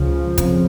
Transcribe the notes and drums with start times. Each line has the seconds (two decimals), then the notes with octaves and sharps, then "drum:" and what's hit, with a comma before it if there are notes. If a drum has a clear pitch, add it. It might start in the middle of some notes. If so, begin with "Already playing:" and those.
Already playing: C#2 C#3 F3
0.38 F2 C#3, drum: kick, hi-hat